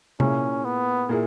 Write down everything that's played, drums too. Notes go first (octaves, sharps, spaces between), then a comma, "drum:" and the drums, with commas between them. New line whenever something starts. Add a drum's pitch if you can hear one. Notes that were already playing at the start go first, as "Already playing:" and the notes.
A#2 A#3 C#4 E4 G#4, drum: tom C3
B3
A#2 A#3 E4 G#4